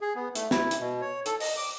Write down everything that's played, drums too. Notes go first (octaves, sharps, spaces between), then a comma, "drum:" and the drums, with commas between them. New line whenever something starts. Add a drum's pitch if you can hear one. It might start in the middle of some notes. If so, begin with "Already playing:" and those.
G#4
B3
A3, drum: hi-hat
E4, drum: snare
drum: hi-hat
B2
C#5
A4, drum: hi-hat
D#5, drum: open hi-hat
D6